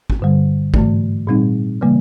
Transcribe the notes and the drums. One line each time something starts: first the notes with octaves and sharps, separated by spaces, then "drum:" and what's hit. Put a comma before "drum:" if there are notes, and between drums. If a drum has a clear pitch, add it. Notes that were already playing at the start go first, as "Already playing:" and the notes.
drum: kick
G2 D3 G3
G#2 E3 A3, drum: kick
A#2 G3 C4 D#4
C#3 E3 G3 A#3